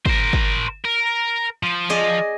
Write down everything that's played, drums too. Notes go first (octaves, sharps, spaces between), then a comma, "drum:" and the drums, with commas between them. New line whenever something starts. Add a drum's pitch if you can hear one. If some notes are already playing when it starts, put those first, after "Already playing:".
A#4 C5, drum: kick
drum: kick
A#4
F3
G#4 D5 D#5